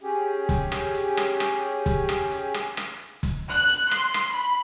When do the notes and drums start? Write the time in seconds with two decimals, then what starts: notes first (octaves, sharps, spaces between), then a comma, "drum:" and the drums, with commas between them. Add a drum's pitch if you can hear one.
0.01 C#4 G4 G#4
0.49 drum: kick, hi-hat
0.72 drum: rim click
0.95 drum: hi-hat
1.17 drum: rim click
1.40 drum: rim click
1.86 drum: kick, hi-hat
2.09 drum: rim click
2.32 drum: hi-hat
2.54 drum: rim click
2.77 drum: rim click
3.23 drum: kick, hi-hat
3.49 F#6
3.69 drum: hi-hat
3.91 C6, drum: rim click
4.14 drum: rim click
4.31 B5